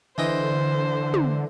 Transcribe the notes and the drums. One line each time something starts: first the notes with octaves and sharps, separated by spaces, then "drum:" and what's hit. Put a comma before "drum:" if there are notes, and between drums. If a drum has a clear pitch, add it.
D3 E3 C5 D#5 G5
drum: tom